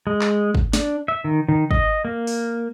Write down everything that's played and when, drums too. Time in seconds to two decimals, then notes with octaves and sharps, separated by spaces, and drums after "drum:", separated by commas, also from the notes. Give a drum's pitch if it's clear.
0.07 G#3
0.21 drum: clap
0.55 drum: kick
0.73 D4, drum: snare
1.08 E5
1.24 D#3
1.49 D#3
1.71 D#5, drum: kick
2.05 A#3
2.27 drum: open hi-hat